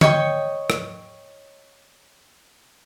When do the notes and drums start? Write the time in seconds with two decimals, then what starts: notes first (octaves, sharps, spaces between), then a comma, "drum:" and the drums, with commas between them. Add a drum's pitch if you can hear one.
0.01 C#5 D#5 G5 C#6, drum: tom D3
0.70 drum: rim click